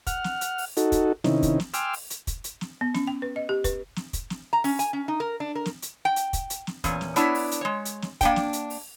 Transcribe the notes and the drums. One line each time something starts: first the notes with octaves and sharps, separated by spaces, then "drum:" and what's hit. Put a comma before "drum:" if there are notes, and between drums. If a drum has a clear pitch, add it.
F#5 F6, drum: kick, hi-hat
drum: snare
drum: hi-hat
drum: open hi-hat
D#4 F#4 A4, drum: hi-hat
drum: kick, hi-hat
C3 D#3 C#4 D#4 E4, drum: snare
drum: kick, hi-hat
drum: snare
G5 G#5 C6 D6 E6 F6, drum: hi-hat
drum: open hi-hat
drum: hi-hat
drum: kick, hi-hat
drum: hi-hat
drum: snare
B3
C#4, drum: snare
G5
B4
D#5
G4
B4, drum: kick, hi-hat
drum: snare
drum: kick, hi-hat
drum: snare
A#5
C#4, drum: open hi-hat
G#5, drum: hi-hat
C#4
D#4
A#4
D4
A#4
drum: snare
drum: hi-hat
G5
drum: hi-hat
drum: kick, hi-hat
drum: hi-hat
drum: snare
E2 A#2 C#4, drum: kick, hi-hat
drum: snare
B3 D4 E4 C#5, drum: hi-hat
drum: open hi-hat
drum: hi-hat
G#3 C#5
drum: hi-hat
drum: snare
A#3 D4 G5, drum: kick, hi-hat
drum: snare
drum: hi-hat
drum: open hi-hat